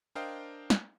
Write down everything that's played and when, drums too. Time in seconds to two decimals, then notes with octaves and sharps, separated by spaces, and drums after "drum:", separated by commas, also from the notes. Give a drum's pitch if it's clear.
0.15 D4 A#4 C5 D#5 F5 G5
0.70 drum: snare